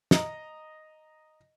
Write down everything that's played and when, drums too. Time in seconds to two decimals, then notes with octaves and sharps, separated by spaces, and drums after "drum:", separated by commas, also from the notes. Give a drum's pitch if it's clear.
0.11 D#5 A#5, drum: snare